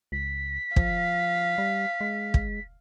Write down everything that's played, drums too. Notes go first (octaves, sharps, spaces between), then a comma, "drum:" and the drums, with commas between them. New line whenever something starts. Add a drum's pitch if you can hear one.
C#2 B6
F3 F5, drum: kick
G3
G#3
drum: kick